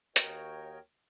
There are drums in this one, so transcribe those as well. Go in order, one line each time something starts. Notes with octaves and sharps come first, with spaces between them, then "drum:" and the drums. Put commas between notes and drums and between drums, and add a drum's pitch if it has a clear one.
D#2 F#4 A#4 C#5 D#5 G5, drum: hi-hat